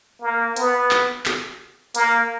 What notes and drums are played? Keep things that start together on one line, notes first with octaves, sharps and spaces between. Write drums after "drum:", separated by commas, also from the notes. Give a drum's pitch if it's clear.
A#3
B3, drum: hi-hat
drum: clap
drum: clap
A#3, drum: hi-hat